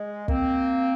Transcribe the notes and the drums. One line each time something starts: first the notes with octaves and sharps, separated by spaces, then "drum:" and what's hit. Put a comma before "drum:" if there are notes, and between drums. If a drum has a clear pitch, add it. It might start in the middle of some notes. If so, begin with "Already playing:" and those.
Already playing: G#3
A#3 C4, drum: kick